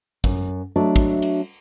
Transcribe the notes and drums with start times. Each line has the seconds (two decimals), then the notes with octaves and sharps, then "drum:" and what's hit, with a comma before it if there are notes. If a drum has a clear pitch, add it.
0.24 F#2, drum: kick
0.76 F#3 A3 D4 F#4 D#5 E5
0.96 drum: kick
1.22 drum: cymbal